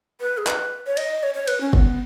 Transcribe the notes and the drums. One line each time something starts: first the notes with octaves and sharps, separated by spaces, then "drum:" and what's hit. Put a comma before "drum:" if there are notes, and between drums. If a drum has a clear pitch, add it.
B4
G#4
B4, drum: clap
C#5
D#5, drum: cymbal
C#5
C#5
B4, drum: cymbal
C#4
B3, drum: kick